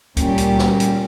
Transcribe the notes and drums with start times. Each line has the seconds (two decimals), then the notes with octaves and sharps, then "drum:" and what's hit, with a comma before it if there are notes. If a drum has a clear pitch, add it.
0.17 A#2 G3 C#4 G4, drum: kick C#2, hi-hat
0.38 drum: hi-hat
0.59 drum: snare
0.80 drum: hi-hat